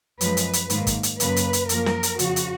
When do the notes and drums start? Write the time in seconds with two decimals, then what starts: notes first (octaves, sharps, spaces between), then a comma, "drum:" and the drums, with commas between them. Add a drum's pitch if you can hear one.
0.21 F#2 F3 G#3 B4, drum: hi-hat
0.37 drum: hi-hat
0.53 drum: hi-hat
0.70 G#2 D#3 A#3, drum: hi-hat
0.87 drum: kick, hi-hat
1.03 drum: hi-hat
1.20 F#2 C#3 F#3 A#3 B4, drum: hi-hat
1.36 drum: hi-hat
1.53 drum: hi-hat
1.69 F#2 F3 A#3 A#4, drum: hi-hat
1.86 drum: snare
2.03 drum: hi-hat
2.19 F2 C#3 F3 F#4, drum: hi-hat
2.36 drum: hi-hat